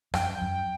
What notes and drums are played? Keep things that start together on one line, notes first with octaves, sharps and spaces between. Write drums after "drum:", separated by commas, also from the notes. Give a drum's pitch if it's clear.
F#2 G5, drum: rim click
F#2